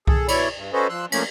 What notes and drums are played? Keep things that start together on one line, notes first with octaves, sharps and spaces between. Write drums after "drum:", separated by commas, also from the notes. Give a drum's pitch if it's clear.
G#4 A4, drum: kick C2
B2 E4 C#5 D5 B5 C#6, drum: cymbal
G2
C#4 F#4 A4 B4 C5 D#5
F3 C6 E6 F#6
F3 A3 A#3 C#4, drum: cymbal